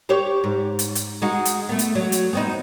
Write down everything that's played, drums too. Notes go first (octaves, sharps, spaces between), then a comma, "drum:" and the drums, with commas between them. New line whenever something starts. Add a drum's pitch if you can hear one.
G4 C5 C#5
G#2
drum: hi-hat
drum: hi-hat
G#3 D#4 F#4
drum: hi-hat
A3 B3
drum: hi-hat
F#3
drum: hi-hat
B3 C4 D#4